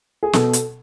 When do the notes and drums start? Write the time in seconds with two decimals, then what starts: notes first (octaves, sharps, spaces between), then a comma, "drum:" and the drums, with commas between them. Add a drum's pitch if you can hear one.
0.23 G#4
0.33 B2 A4, drum: snare
0.53 drum: hi-hat